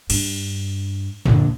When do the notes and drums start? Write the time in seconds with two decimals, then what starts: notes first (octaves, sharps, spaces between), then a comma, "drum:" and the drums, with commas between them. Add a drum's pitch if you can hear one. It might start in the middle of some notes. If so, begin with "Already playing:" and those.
0.10 G2, drum: cymbal
1.26 A#1 D3, drum: tom